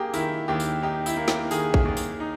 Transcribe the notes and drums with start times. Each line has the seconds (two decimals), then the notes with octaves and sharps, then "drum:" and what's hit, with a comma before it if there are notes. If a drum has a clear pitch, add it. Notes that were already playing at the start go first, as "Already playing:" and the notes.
Already playing: A#3 G4 G#4
0.14 D#3 E4, drum: tambourine
0.48 D#2 G4
0.60 drum: tambourine
0.82 D#4 G4
1.06 E4, drum: tambourine
1.16 A#3
1.28 G4, drum: snare
1.51 D#3 G#4, drum: tambourine
1.74 drum: kick
1.85 D#2
1.97 drum: tambourine
2.20 D#4